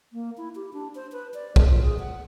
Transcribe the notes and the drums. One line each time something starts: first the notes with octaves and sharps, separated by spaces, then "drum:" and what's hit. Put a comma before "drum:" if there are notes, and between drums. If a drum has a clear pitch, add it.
A#3
E4
G4
D4
C5
B4
D5
G#3, drum: kick
F4
G#4
F#5